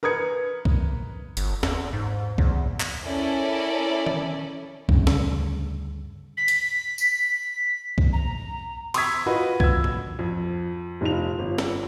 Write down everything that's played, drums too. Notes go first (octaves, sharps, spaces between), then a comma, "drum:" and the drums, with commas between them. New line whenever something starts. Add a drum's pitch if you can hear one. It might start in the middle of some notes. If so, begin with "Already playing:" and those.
A#4 B4 D#6 G#6 C#7
drum: kick B1
G1, drum: hi-hat
E2, drum: snare
G#2
E2, drum: kick B1
drum: clap
C#4 E4 A4 A#4 D5
drum: tom D#3
D2 G2 C#3, drum: kick B1
drum: snare
B6
drum: hi-hat
drum: tambourine
drum: kick B1
A#5
C6 C#6 D#6 E6 G#6 B6, drum: cymbal
F4 F#4 A#4 B4 D#5
E6 G#6, drum: kick B1
drum: tom G2
F2
F1 D#4 F4 F7
G1
drum: snare